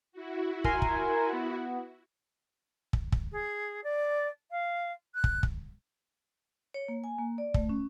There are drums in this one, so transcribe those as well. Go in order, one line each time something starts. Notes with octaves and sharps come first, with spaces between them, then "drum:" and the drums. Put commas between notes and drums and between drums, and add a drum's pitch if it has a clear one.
E4 F#4
A#4 G#5 C6, drum: kick
drum: kick
B3
drum: kick
drum: kick
G#4
D5
F5
F#6
drum: kick
drum: kick
C#5
A#3
G#5
A#3
D5
A3, drum: kick
C#4